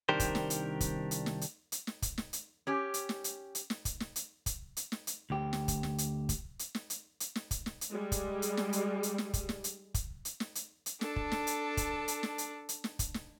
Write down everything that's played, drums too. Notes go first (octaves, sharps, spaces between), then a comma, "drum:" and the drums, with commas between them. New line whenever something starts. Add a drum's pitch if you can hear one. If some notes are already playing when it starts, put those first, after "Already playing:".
C2 D#3 D4 G4 A#4 C5
drum: kick, hi-hat
drum: snare
drum: hi-hat
drum: kick, hi-hat
drum: hi-hat
drum: snare
drum: hi-hat
drum: hi-hat
drum: snare
drum: kick, hi-hat
drum: snare
drum: hi-hat
C#4 G4
drum: hi-hat
drum: snare
drum: hi-hat
drum: hi-hat
drum: snare
drum: kick, hi-hat
drum: snare
drum: hi-hat
drum: kick, hi-hat
drum: hi-hat
drum: snare
drum: hi-hat
D2 G4
drum: snare
drum: kick, hi-hat
drum: snare
drum: hi-hat
drum: kick, hi-hat
drum: hi-hat
drum: snare
drum: hi-hat
drum: hi-hat
drum: snare
drum: kick, hi-hat
drum: snare
drum: hi-hat
G3 G#3
drum: kick, hi-hat
drum: hi-hat
drum: snare
drum: hi-hat
drum: hi-hat
drum: snare
drum: kick, hi-hat
drum: snare
drum: hi-hat
drum: kick, hi-hat
drum: hi-hat
drum: snare
drum: hi-hat
drum: hi-hat
D4 A4, drum: snare
drum: kick
drum: snare
drum: hi-hat
drum: kick, hi-hat
drum: hi-hat
drum: snare
drum: hi-hat
drum: hi-hat
drum: snare
drum: kick, hi-hat
drum: snare